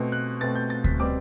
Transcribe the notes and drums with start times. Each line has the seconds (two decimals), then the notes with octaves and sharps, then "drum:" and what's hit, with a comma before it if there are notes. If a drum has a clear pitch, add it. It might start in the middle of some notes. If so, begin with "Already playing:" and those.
Already playing: B2 A3 C4
0.12 F#6
0.41 B2 A3 C4 A6
0.55 G6
0.70 A6
0.84 B6, drum: kick D2
1.00 B2 G3 C4 D6